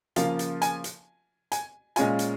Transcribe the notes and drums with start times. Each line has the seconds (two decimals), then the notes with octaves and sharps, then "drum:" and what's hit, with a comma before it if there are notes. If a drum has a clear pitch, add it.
0.16 C#3 F3 A#3 F4 F5, drum: hi-hat
0.39 drum: hi-hat
0.62 G#5, drum: hi-hat
0.84 drum: hi-hat
1.52 G#5, drum: hi-hat
1.96 A#2 G#3 C#4 F4 G#5, drum: hi-hat
2.19 drum: hi-hat